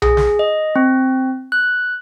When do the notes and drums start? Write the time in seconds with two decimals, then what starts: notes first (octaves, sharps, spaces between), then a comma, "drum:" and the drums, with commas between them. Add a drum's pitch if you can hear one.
0.02 G#4, drum: tom B1
0.17 drum: snare
0.39 D#5
0.76 C4
1.52 F#6